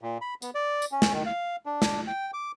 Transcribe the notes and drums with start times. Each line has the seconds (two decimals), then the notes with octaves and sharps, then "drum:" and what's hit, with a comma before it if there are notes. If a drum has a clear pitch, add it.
0.01 A#2
0.21 B5
0.42 B3, drum: tambourine
0.55 D5
0.82 drum: tambourine
0.92 C#4
1.02 drum: snare
1.13 D#3
1.26 F5
1.66 D4
1.82 drum: snare
2.07 G5
2.34 D6